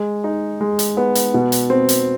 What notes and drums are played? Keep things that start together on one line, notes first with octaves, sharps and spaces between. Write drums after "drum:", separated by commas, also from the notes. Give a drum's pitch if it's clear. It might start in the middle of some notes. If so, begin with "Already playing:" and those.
Already playing: G#3
D#4
G#3
drum: hi-hat
B3
drum: hi-hat
B2
drum: hi-hat
C4
drum: hi-hat